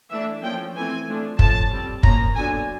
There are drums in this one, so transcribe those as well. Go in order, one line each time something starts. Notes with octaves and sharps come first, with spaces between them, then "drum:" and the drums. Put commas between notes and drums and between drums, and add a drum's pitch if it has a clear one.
E3 A3 D4 E5
F3 A#3 C#4 G5
E3 A3 C4 G#5
F3 A3 D4
F3 A3 C#4 A5, drum: kick
G3 C4
F3 A#3 C#4 A#5, drum: kick
D3 F#3 B3 D4 G#5